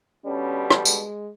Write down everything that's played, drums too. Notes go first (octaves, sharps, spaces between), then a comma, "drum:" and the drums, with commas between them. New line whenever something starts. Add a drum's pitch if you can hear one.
B2 D3 G3 C#4
drum: rim click
G#3, drum: tambourine